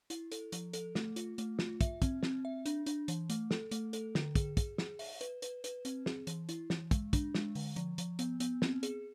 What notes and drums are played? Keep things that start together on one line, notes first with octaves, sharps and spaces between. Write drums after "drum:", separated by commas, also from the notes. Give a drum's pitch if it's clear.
E4, drum: hi-hat
A4, drum: hi-hat
F3, drum: hi-hat
A4, drum: hi-hat
A3, drum: snare
F4, drum: hi-hat
A3, drum: hi-hat
F4, drum: snare
E5, drum: kick, hi-hat
C4, drum: kick, hi-hat
C4, drum: snare
E5
D4, drum: hi-hat
D4, drum: hi-hat
E3, drum: hi-hat
A3, drum: hi-hat
A4, drum: snare
A3, drum: hi-hat
A4, drum: hi-hat
D3, drum: snare
G#4, drum: kick, hi-hat
G#4, drum: kick, hi-hat
G#4, drum: snare
E5, drum: open hi-hat
B4, drum: hi-hat
B4, drum: hi-hat
B4, drum: hi-hat
C4, drum: hi-hat
G#4, drum: snare
E3, drum: hi-hat
E4, drum: hi-hat
E3, drum: snare
G#3, drum: kick, hi-hat
D4, drum: kick, hi-hat
G#3, drum: snare
D3, drum: open hi-hat
F3, drum: hi-hat
F3, drum: hi-hat
B3, drum: hi-hat
B3, drum: hi-hat
C4, drum: snare
G#4, drum: hi-hat